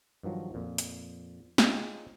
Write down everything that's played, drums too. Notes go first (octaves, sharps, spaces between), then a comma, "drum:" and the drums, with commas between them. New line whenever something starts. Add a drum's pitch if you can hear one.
G2 D#3 F3 F#3
F2 A#2
drum: hi-hat
D#4 F4 G#4 C5 C#5 G5, drum: snare